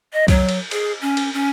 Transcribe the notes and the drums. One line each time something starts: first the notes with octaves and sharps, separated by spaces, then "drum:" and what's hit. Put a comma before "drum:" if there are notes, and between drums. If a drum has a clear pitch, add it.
D#5
F#3, drum: kick C2, cymbal
drum: cymbal
G#4, drum: cymbal
C#4
drum: cymbal
C#4